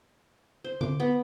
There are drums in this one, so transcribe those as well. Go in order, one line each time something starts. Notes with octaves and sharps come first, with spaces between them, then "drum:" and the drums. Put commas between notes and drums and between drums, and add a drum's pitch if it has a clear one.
C5
D6, drum: tom D3
B3